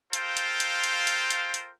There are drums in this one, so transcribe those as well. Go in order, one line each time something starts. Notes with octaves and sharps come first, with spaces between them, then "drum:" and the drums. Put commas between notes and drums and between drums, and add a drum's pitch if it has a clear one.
F4 A4 A#4 C5 F5 G5, drum: hi-hat
drum: hi-hat
drum: hi-hat
drum: hi-hat
drum: hi-hat
drum: hi-hat
drum: hi-hat